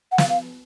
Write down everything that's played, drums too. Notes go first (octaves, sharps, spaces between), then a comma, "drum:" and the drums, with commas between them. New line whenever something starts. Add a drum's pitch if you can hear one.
F#5
F5, drum: snare
F5